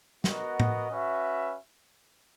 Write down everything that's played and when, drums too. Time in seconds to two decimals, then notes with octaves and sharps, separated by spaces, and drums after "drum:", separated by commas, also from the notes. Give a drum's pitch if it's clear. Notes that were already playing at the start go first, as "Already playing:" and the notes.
0.24 B3 F#4 A#4 D#5 F#5, drum: snare
0.60 drum: tom A2
0.89 C#4 F#4 B4 E5